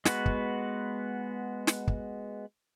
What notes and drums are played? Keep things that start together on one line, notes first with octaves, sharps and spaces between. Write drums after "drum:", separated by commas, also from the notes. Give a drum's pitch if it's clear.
G#3 B3 F#4 B4, drum: snare
drum: kick
drum: snare
drum: kick